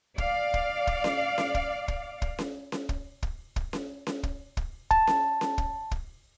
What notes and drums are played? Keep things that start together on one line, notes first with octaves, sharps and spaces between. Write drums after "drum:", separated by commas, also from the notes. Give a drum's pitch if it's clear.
D5 F5, drum: kick
drum: kick
drum: kick
drum: snare C#4
drum: snare C#4
drum: kick
drum: kick
drum: kick
drum: snare C#4
drum: snare C#4
drum: kick
drum: kick
drum: kick
drum: snare C#4
drum: snare C#4
drum: kick
drum: kick
A5, drum: kick
drum: snare C#4
drum: snare C#4
drum: kick
drum: kick